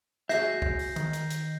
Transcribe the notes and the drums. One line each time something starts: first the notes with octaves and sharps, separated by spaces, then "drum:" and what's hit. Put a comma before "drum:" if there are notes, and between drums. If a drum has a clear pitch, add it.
F#4 G#4 E5 G6 A#6 C7, drum: snare
drum: kick
drum: open hi-hat
D#3, drum: hi-hat
drum: hi-hat
drum: hi-hat